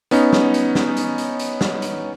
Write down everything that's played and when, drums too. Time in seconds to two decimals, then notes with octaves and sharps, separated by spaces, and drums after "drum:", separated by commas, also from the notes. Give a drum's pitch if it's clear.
0.11 B3 C#4 D#4, drum: hi-hat
0.33 drum: snare
0.54 drum: hi-hat
0.75 drum: snare
0.97 drum: hi-hat
1.18 drum: hi-hat
1.39 drum: hi-hat
1.61 drum: snare
1.82 drum: hi-hat